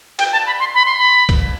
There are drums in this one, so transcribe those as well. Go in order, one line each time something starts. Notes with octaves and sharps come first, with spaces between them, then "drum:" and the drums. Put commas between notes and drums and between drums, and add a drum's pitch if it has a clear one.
G5, drum: cymbal
A5
B5
C6
B5
C6
B5
drum: kick B1, cymbal